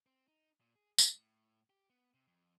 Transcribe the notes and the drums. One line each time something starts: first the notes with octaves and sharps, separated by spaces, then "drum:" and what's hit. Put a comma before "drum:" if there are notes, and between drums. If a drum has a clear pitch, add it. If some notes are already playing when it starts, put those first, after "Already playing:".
C4
D#4
A#2
G#4
G2, drum: tambourine
A2
G4
B3
C3
F2